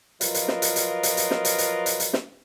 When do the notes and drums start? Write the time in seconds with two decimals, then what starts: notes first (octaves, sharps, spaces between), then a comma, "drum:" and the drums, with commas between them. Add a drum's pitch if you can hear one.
0.21 F3 F#3 F4 A#4 B4 D#5, drum: hi-hat
0.34 drum: hi-hat
0.48 drum: snare
0.62 drum: hi-hat
0.76 drum: hi-hat
1.03 drum: hi-hat
1.17 drum: hi-hat
1.31 drum: snare
1.45 drum: hi-hat
1.58 drum: hi-hat
1.86 drum: hi-hat
2.00 drum: hi-hat
2.13 drum: snare